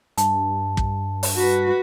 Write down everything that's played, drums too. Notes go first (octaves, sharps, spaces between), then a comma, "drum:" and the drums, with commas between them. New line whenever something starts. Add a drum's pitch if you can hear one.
G2 A5, drum: hi-hat
drum: kick
drum: open hi-hat
F#4 B4